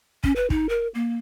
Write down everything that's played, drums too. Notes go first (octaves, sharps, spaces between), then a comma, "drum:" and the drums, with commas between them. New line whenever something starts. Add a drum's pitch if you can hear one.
C#4, drum: kick
B4
D#4, drum: kick
A#4
A#3